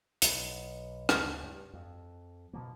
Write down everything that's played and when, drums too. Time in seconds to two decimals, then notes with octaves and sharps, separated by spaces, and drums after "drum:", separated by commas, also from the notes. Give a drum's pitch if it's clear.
0.22 B1, drum: hi-hat
1.09 D2, drum: rim click
1.43 G2
1.73 F2
2.53 B2 F3 A#3